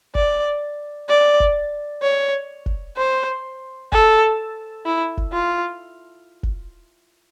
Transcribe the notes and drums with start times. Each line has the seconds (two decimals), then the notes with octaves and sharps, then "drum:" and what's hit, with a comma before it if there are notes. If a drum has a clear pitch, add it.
0.15 D5, drum: kick
1.09 D5
1.40 drum: kick
2.02 C#5
2.66 drum: kick
2.97 C5
3.92 A4, drum: kick
4.86 E4
5.17 drum: kick
5.33 F4
6.43 drum: kick